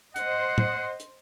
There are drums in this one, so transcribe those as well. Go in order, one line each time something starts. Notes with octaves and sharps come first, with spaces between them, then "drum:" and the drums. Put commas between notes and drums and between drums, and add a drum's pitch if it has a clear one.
C5 D#5 F#5, drum: hi-hat
drum: tom
drum: hi-hat